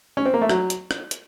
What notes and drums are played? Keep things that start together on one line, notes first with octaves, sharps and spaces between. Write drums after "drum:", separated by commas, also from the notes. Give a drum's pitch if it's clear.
C#4
C4
A#3
A3
F#3, drum: rim click
drum: hi-hat
drum: rim click
drum: hi-hat